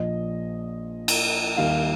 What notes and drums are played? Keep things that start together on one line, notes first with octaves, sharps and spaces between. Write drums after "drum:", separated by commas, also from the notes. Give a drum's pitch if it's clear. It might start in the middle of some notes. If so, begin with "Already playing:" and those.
Already playing: A#1 A#2 F3 D#5
drum: cymbal
D#2 D#3 G3 F5